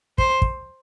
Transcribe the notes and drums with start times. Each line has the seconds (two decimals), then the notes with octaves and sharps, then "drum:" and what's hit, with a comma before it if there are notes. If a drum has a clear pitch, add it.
0.18 C5, drum: kick
0.42 drum: kick